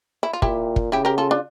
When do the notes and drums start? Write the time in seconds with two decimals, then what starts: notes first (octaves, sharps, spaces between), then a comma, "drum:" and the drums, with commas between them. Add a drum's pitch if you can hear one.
0.23 E4
0.33 F4
0.42 A#2 E4 G4, drum: kick
0.76 drum: kick
0.92 C#3 E4 G4
1.05 G4 A#4
1.18 F4 A4
1.31 D4 F4